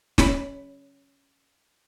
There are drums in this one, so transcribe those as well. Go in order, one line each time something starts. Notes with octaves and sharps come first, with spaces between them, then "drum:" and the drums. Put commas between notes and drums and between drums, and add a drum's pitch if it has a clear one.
C#4 B5, drum: snare